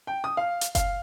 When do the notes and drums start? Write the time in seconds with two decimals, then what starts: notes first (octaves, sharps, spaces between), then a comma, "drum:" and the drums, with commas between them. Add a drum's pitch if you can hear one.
0.07 G5
0.24 D#6
0.37 F5
0.61 drum: hi-hat
0.75 F5, drum: kick F#1, hi-hat